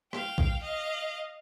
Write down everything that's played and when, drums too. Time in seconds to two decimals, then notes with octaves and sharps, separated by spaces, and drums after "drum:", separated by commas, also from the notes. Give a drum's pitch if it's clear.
0.13 F5 G5, drum: rim click
0.38 drum: kick A#1
0.63 D#5 F5